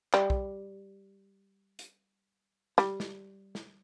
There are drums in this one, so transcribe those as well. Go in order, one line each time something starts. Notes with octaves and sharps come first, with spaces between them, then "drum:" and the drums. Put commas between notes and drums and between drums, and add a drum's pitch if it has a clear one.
G3, drum: clap
drum: kick
drum: hi-hat
G3, drum: snare
drum: snare
drum: snare